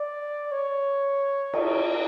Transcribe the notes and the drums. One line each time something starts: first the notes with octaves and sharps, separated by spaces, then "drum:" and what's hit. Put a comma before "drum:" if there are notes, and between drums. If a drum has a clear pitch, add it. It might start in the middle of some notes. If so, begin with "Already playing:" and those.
Already playing: D5
C#5
drum: cymbal